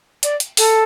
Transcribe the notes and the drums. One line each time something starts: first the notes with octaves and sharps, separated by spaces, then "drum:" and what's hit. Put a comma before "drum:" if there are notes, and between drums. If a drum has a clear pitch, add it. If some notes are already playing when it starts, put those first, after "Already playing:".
D5, drum: hi-hat
drum: hi-hat
A4, drum: open hi-hat